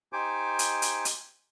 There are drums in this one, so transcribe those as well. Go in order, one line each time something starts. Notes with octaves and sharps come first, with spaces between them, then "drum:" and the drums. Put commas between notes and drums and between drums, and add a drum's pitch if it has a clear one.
D#4 G4 C5 G#5 D6
drum: hi-hat
drum: hi-hat
drum: hi-hat